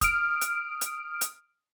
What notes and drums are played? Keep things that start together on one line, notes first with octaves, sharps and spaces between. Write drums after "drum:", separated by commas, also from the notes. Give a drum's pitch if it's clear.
D#6 F6 D7, drum: kick, hi-hat
drum: hi-hat
drum: hi-hat
drum: hi-hat